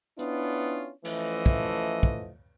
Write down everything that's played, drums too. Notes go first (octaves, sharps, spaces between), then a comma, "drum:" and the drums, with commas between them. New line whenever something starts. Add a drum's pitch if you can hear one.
B3 C#4 D4 E4 F4, drum: hi-hat
E3 F3 A3 C#4 D#5, drum: cymbal
drum: kick
drum: kick